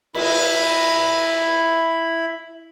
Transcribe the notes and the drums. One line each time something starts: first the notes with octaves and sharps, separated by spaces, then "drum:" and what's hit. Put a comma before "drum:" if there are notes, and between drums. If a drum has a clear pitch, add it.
E4 B5, drum: cymbal